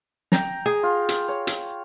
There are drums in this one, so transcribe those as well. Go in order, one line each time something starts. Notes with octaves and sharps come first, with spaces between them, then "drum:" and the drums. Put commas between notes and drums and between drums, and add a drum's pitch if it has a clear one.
G5 A#5, drum: snare
G#4
F4
drum: hi-hat
C#5
drum: hi-hat